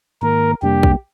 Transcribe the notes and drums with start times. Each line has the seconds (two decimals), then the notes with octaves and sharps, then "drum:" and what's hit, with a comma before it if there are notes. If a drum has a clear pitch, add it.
0.22 G#2 D#3 A#3 A#4
0.62 F2 C3 G3 A#3 D4 G4
0.83 drum: kick A#1